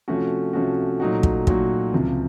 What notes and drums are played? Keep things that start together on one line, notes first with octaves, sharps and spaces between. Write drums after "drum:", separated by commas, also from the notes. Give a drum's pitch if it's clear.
C3 F3 A3 C#4 F#4
C3 F3 A3 C#4 F#4
A#2 F#3 A3 D#4 F#4
drum: kick
A#2 F#3 A3 D#4 F#4, drum: kick
C#2 C3 F3